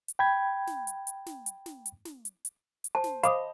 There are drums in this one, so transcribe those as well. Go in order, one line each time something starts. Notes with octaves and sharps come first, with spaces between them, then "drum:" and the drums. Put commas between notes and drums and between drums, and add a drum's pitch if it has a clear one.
drum: hi-hat
G5 B5 G#6
drum: snare
drum: hi-hat
drum: hi-hat
drum: snare
drum: hi-hat
drum: snare
drum: hi-hat
drum: snare
drum: hi-hat
drum: hi-hat
drum: hi-hat
C5 A5
drum: snare
C5 D#5 F5 B5 D6 D#6, drum: hi-hat